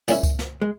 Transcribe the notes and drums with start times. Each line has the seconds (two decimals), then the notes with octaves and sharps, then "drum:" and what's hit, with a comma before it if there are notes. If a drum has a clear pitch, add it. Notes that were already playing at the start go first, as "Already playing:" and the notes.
0.08 A#2 G#3 C#4 E4, drum: tambourine
0.23 drum: kick C#2, tambourine
0.39 drum: snare
0.62 G#3